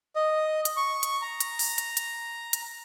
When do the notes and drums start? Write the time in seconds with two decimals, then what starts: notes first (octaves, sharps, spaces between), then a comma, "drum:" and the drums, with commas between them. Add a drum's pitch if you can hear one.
0.16 D#5
0.65 drum: hi-hat
0.77 C#6
1.03 drum: hi-hat
1.22 A#5
1.40 drum: hi-hat
1.59 drum: open hi-hat
1.78 drum: hi-hat
1.97 drum: hi-hat
2.53 drum: hi-hat